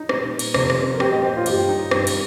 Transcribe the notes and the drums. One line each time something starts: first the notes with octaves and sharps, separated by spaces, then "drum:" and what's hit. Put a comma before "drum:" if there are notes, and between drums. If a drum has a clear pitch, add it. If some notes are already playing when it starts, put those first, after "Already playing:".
Already playing: D#4
A#2 G3, drum: rim click
drum: cymbal
F2 C3 F3, drum: rim click
drum: rim click
A#4
A#2 G3 G4, drum: rim click
D#5
C5
F4
G2 G3 G4, drum: cymbal
D#4
G2 G3, drum: rim click
drum: cymbal